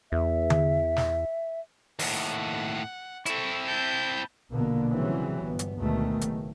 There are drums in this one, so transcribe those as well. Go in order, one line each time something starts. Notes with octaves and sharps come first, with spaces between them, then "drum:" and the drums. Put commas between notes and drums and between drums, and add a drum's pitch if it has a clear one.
E2 E5
drum: tom D3
drum: snare
D#2 A2 F#5, drum: open hi-hat
C4 E4 A4 C#6, drum: hi-hat
A5 G6
A#1 B2 D3 A#3 B3
C#3 E3 F#3 G3 C4
G1 B3
drum: hi-hat
D2 B2 D#3 G#3 A3
F#1, drum: hi-hat